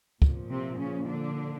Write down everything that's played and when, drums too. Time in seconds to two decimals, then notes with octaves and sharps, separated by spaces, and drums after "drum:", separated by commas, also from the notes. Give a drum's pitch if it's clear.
0.22 A#2 F3, drum: kick
0.50 C3 C4
0.78 C#3 C#4
1.07 D3 D4